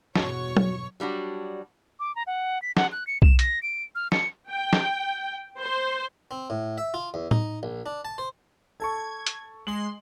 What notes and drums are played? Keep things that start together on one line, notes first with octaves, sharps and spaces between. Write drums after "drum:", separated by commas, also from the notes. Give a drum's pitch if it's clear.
E2 G2 B2 F#4 C#5 C#6, drum: snare
drum: tom
F#3 G3 D4 F#4
D6
A#5
F#5
B6
F#5, drum: snare
F#6
C#7
E7, drum: kick B1
A#6, drum: hi-hat
D7
F6
C#7, drum: snare
G5
drum: snare
C5
C4
A2
E5
F4
E2
D#4, drum: tom A2
A#1
D4
A5
C5
A4 A5 C#6 G#6
drum: hi-hat
G#3 C6 F#7